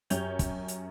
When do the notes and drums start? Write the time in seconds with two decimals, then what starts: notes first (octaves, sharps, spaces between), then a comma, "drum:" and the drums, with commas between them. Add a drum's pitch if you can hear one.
0.10 F#2 G4 C#5 G6 F7, drum: hi-hat
0.39 drum: kick, hi-hat
0.68 drum: hi-hat